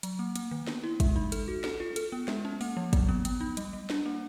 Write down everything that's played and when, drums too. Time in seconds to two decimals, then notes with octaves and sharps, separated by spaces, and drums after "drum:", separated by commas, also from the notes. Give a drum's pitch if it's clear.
0.03 F#3, drum: hi-hat
0.19 A#3
0.36 A#3, drum: hi-hat
0.51 D#3
0.67 B3, drum: snare
0.84 E4
1.00 G#3, drum: kick, hi-hat
1.16 D#4
1.32 A4, drum: hi-hat
1.48 F#4
1.64 A4, drum: snare
1.80 F4
1.96 A4, drum: hi-hat
2.12 B3
2.28 G#3, drum: snare
2.45 C#4
2.61 A#3, drum: open hi-hat
2.77 F3
2.93 F#3, drum: kick, hi-hat
3.09 B3
3.25 B3, drum: hi-hat
3.41 D#4
3.57 G3, drum: hi-hat
3.73 G3
3.90 D4, drum: snare
4.06 A#3